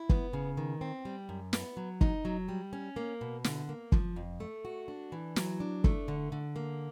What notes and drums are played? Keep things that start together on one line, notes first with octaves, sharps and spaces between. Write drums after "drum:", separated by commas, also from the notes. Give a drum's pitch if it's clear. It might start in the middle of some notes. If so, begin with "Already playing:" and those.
Already playing: E4
B3, drum: kick
C#3
D#3
C4
G3
F#2
B3, drum: snare
F#3
D#4, drum: kick
F#3
G3
C#4
A#3
B2
D3, drum: snare
A#3
F3, drum: kick
F2
A3
F#4
D4
E3
F#3, drum: snare
D4
A3, drum: kick
D3
D3
A#3